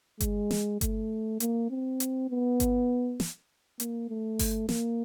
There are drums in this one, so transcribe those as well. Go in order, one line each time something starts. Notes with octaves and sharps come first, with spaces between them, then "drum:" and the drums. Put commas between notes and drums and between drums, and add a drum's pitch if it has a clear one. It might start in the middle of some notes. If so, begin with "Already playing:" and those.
G#3, drum: kick G1, hi-hat
drum: snare
A3, drum: kick G1, hi-hat
A#3, drum: hi-hat
C4
drum: hi-hat
B3
drum: kick G1, hi-hat
drum: snare
A#3, drum: hi-hat
A3
drum: kick G1, open hi-hat
A#3, drum: snare